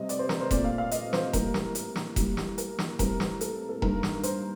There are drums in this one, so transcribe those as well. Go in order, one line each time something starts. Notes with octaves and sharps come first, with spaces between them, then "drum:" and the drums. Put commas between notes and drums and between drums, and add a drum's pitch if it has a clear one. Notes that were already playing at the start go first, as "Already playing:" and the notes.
Already playing: C3 G3 C4 D#5
D5, drum: hi-hat
C5
A#4, drum: snare
C5
A#2 A3 C4 D5, drum: kick E1, hi-hat
F5
F5
D#5, drum: hi-hat
C5, drum: snare
A2 G3 A#3 A#4, drum: kick E1, hi-hat
A#4, drum: snare
drum: hi-hat
drum: snare
A2 G3 A#3, drum: kick E1, hi-hat
drum: snare
A#4, drum: hi-hat
drum: snare
A2 G3 C4 A#4, drum: kick E1, hi-hat
A#4, drum: snare
A4, drum: hi-hat
A4
G2 D#3 A#3 A#4, drum: kick E1
drum: snare
C5, drum: hi-hat